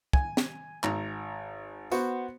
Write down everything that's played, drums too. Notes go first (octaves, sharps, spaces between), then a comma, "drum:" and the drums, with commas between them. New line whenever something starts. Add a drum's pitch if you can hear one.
G#5, drum: kick
drum: snare
G#1 A#5, drum: clap
B3 F#4 C5, drum: tambourine